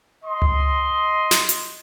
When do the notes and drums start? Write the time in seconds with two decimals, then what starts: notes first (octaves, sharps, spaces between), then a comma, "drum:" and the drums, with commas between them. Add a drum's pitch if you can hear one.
0.24 D#5 C6
0.42 drum: tom C#2
1.31 drum: snare
1.49 drum: hi-hat